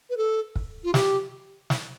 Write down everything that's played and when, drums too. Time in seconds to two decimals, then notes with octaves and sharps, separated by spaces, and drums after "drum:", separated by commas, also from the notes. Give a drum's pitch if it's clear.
0.10 B4
0.17 A4
0.56 drum: kick
0.84 F4
0.94 G4, drum: snare
1.70 drum: snare